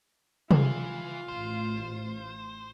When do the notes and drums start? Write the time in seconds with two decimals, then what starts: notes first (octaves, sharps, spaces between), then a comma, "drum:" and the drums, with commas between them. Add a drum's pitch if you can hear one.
0.51 E3 F4, drum: tom C3
1.28 A1 C5